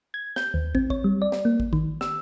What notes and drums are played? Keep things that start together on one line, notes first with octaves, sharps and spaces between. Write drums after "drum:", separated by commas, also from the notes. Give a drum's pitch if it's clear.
G#6
G6, drum: snare
D#2
C4, drum: kick
C#5, drum: kick
G3
D5
drum: snare
A#3
drum: kick
D#3, drum: kick
E6, drum: snare